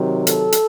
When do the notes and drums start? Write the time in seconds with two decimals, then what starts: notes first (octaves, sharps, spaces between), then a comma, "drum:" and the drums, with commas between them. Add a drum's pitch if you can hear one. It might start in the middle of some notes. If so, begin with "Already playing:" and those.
Already playing: C3 D#3 F#3
0.27 A4, drum: hi-hat
0.52 drum: hi-hat